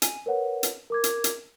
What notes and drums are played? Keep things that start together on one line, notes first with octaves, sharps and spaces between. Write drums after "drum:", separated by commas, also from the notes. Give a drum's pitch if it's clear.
G#5 D#7, drum: hi-hat
A#4 B4 C#5 F#5
drum: hi-hat
A#4 D6 G#6
drum: hi-hat
drum: hi-hat